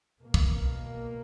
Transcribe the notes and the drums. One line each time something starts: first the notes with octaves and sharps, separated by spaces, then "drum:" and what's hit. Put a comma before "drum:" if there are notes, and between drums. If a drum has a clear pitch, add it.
B2 A#3
drum: kick